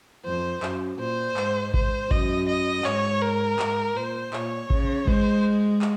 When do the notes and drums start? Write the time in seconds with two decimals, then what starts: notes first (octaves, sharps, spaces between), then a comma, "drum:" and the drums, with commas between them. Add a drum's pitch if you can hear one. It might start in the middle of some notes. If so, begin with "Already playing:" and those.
0.25 F2 C5
0.63 F#2, drum: clap
0.99 A#2 C5
1.37 G#2, drum: clap
1.74 C5, drum: kick G#1
2.11 F#2 D#5, drum: kick G#1
2.48 D#5
2.85 G#2 C#5, drum: clap
3.21 A#4
3.59 G#2, drum: clap
3.96 A#2 C5
4.33 A#2 C#5, drum: clap
4.70 C#3, drum: kick G#1
5.07 G#3 C5, drum: kick G#1
5.82 drum: clap